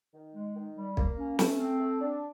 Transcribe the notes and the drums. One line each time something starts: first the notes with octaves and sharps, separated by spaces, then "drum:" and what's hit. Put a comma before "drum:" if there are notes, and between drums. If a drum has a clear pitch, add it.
D#3
G#3
D#3
G3
A#3, drum: kick B1
C#4
A3, drum: snare
C4
A3
D4